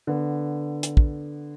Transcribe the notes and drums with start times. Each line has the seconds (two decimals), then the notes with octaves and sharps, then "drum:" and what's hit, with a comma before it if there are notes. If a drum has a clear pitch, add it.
0.07 D3 B3
0.83 drum: hi-hat
0.97 drum: kick